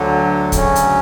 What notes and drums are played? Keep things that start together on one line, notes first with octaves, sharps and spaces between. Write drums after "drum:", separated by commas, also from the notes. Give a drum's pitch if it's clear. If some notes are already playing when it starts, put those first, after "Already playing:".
Already playing: D2 D3 F#3
D2 C#3 F#3 C#4, drum: kick, hi-hat
drum: hi-hat